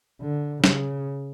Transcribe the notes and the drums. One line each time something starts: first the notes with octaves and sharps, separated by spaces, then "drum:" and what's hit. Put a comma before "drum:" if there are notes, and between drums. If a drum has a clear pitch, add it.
D3
C#3, drum: snare